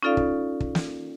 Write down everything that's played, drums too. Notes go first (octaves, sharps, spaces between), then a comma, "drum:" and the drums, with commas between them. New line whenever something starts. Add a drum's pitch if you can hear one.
C#4 D#4 F4 A4 D5 F5
drum: kick
drum: kick
drum: snare